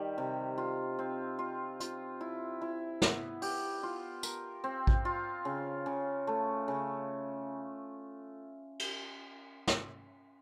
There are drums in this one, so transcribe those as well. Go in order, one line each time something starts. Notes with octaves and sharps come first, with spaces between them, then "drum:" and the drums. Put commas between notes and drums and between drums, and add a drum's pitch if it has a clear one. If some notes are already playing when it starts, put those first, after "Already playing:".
Already playing: D#3 G3
C3
F4
C4
F4
F4, drum: hi-hat
E4
E4
B3, drum: snare
G4, drum: open hi-hat
F4
A#4, drum: tambourine
C4
drum: kick A1
F4
C#3
C#3
A3
C#3
drum: cymbal
drum: snare